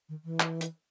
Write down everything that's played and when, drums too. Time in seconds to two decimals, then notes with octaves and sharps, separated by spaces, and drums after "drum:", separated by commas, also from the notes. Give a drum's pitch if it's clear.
0.09 D#3
0.25 E3
0.40 drum: clap
0.61 drum: hi-hat